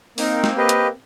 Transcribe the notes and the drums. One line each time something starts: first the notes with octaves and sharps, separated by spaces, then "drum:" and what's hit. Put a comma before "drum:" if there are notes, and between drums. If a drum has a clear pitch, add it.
A#3 C4 D#4, drum: open hi-hat
drum: snare
G4 B4 D#5
drum: hi-hat